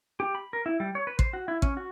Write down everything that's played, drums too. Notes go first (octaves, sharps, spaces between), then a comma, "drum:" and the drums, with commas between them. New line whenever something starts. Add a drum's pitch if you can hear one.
G4
B5
A#4
E4
G3
C#5
B4
C5, drum: kick
F#4
E4
C#4, drum: kick
F#4